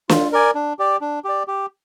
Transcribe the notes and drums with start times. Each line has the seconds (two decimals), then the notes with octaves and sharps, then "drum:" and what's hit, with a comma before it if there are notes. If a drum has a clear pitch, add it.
0.09 F4, drum: snare
0.32 A#4 D5 G#5
0.55 D4
0.79 G4 D5
1.01 D4
1.25 G4 D5
1.48 G4